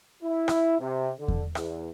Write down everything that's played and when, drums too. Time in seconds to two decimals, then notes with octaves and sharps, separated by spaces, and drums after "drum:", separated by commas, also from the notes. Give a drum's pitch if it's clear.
0.23 E4
0.48 drum: rim click
0.79 C3
1.19 D3
1.28 drum: kick E2
1.55 E2, drum: rim click